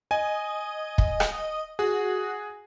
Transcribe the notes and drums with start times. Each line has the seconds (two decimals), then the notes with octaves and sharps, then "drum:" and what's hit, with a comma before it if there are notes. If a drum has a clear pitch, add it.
0.11 D#5 G#5
0.98 drum: kick
1.20 drum: rim click
1.79 F#4 G#4